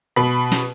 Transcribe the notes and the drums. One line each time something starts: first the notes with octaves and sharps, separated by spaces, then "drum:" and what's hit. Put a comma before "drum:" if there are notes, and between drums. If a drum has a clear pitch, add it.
B2 B5
drum: snare